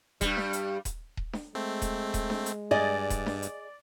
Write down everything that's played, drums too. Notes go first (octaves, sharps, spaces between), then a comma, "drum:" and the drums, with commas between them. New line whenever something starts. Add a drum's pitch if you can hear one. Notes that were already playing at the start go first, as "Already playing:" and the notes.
G2 G3, drum: kick D#1, hi-hat
drum: snare D4
drum: hi-hat
drum: kick D#1, hi-hat
drum: kick D#1
drum: snare D4
G#3 A3 C4
drum: kick D#1, hi-hat
drum: kick D#1, hi-hat
drum: snare D4
drum: hi-hat
G2 G#4 D5 D#5 A6
drum: kick D#1, hi-hat
drum: snare D4
drum: hi-hat